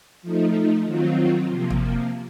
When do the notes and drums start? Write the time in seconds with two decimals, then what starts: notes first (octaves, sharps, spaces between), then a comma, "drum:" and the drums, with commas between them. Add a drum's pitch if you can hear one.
0.22 F3 A3 D#4
0.85 D#3 F#3 C4 F4
1.47 C3 F3 A#3
1.70 drum: tom